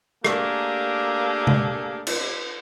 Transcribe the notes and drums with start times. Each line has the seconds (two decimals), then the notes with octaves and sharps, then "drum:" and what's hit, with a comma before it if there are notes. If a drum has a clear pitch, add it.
0.24 A3 A#3 D4 G4 G#4 A#4, drum: rim click
1.47 drum: tom C3
2.07 drum: cymbal